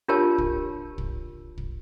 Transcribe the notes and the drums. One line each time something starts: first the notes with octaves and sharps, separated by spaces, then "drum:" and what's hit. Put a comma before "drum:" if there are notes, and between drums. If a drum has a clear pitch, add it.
D4 F4 G4 A#4 C#5 A5
drum: kick
drum: kick
drum: kick